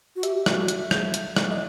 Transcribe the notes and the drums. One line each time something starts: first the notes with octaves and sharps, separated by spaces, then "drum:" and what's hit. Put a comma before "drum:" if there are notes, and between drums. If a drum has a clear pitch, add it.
F#4
G4 E5, drum: hi-hat
G4
F#4, drum: rim click
drum: hi-hat
drum: rim click
drum: hi-hat
drum: rim click
D#5